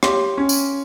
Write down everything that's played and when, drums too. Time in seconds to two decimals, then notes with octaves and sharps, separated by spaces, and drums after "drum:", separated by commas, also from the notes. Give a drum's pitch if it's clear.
0.03 G4 C#5 F5 C6, drum: rim click
0.38 C#4
0.49 drum: tambourine